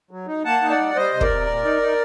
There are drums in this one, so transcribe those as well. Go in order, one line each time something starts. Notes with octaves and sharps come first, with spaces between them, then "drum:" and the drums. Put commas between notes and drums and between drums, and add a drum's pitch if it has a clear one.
F#3
D#4
A#3 F#5 A5
D#4
D5 F#5
G3
G3 C5 D#5
C3
A#4 D5, drum: kick
C3
A#2
D#4
D#4